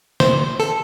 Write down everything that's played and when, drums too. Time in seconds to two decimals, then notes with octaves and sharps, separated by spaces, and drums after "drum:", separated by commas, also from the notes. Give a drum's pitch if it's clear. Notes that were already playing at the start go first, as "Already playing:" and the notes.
0.20 C5, drum: snare
0.60 A4